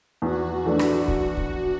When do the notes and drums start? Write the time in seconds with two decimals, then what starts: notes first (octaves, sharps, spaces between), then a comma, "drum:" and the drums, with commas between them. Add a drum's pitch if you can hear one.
0.22 E2 F#4
0.66 E3 A3 D4
0.79 drum: rim click
1.08 drum: kick
1.37 drum: kick